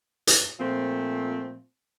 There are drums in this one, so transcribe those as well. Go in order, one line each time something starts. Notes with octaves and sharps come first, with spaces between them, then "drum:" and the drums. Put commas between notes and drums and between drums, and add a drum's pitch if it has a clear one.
drum: hi-hat
A#2 F3 A3 C4